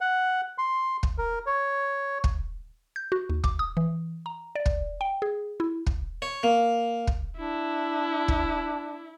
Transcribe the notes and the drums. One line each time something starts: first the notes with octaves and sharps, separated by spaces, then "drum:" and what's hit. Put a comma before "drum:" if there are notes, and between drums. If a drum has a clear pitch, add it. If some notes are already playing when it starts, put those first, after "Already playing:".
F#5
C6
drum: kick
A#4
C#5
drum: kick
G6
F#4
D#2
D6, drum: kick
D#6
E3
A#5
D5
drum: kick
G5
G#4
E4
drum: kick
C#5
A#3
drum: kick
D4 E4
drum: kick